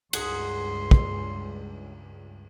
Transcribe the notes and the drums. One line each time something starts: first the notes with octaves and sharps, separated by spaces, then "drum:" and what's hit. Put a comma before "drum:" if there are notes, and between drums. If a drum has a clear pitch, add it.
C#2 G2 G#4 F#5 C6, drum: cymbal
drum: kick